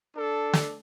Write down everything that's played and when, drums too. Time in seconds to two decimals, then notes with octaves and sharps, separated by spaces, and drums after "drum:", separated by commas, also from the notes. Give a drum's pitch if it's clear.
0.15 D4 A4
0.53 drum: snare